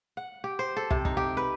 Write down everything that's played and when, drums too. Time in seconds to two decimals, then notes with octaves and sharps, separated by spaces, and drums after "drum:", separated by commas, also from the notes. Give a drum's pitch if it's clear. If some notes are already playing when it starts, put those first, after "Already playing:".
0.17 F#5
0.44 G4
0.59 C5
0.77 A4
0.91 C3, drum: kick
1.05 D#4, drum: kick
1.17 G4
1.37 B4